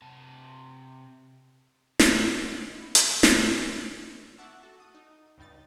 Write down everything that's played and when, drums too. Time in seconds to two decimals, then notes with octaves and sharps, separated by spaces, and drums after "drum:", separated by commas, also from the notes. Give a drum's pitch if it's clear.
0.02 C3 A5
1.99 drum: snare
2.11 G3
2.25 F#4
2.41 G#2
2.54 G#3
2.78 E4
2.95 A#3, drum: hi-hat
3.07 F#2
3.23 B4, drum: snare
3.36 A3
3.50 E3
3.71 E3
4.38 E5 F#5 A5 C#6 D6 E6
4.63 F#4 A4
4.80 D#6
4.95 D#4
5.38 C#2 G2 G3 D#4 A6